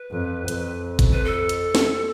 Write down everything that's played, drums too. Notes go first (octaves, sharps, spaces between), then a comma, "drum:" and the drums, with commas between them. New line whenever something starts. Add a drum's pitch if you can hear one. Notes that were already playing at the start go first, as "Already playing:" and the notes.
Already playing: B4
F2
F2, drum: hi-hat
drum: kick, hi-hat
B4
A4
drum: hi-hat
drum: snare